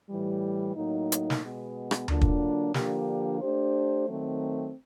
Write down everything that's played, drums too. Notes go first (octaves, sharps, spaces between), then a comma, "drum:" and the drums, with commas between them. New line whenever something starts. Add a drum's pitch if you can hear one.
A2 E3 G3
A2 F#3 A#3 D#4
drum: hi-hat
drum: snare
B2 G#3 B3
drum: rim click
D3 F#3 A#3 D4 F4, drum: tom D2
drum: kick
D3 F3 A#3 D4 G4, drum: snare
A3 D4 G4 C5
D#3 F#3 A3 C4